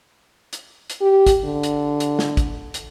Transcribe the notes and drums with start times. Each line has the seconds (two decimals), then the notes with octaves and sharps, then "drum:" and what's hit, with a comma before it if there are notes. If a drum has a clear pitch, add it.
0.53 drum: hi-hat
0.90 drum: hi-hat
1.01 G4
1.27 drum: kick, hi-hat
1.45 D3
1.63 drum: hi-hat
2.00 drum: hi-hat
2.19 drum: snare
2.37 drum: kick, hi-hat
2.74 drum: hi-hat